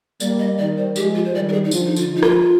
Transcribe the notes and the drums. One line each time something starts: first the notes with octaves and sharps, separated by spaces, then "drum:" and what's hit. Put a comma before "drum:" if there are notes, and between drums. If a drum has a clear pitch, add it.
G3 A#3 D5, drum: tambourine
D#5
D#3 G3 D5
C5
F3 G#3 G4, drum: tambourine
F4
C5
D#3 G3 D5
A#4
G#4
D#4
D3 F3 F4, drum: tambourine
D#4
F4, drum: tambourine
F3 G#3
D#4
F4, drum: rim click